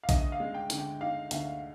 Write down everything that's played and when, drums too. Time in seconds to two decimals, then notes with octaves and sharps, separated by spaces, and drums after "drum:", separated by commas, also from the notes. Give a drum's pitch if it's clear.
0.03 F5
0.09 D2 D#5, drum: kick A#1, hi-hat
0.32 F5
0.40 G#3
0.54 G5
0.70 D3, drum: hi-hat
0.78 G5
1.01 D#4 F5
1.31 D2, drum: hi-hat